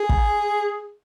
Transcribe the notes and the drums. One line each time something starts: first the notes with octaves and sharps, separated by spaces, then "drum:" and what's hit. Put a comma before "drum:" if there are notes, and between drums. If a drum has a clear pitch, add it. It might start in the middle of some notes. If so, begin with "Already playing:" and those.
Already playing: G#4
drum: kick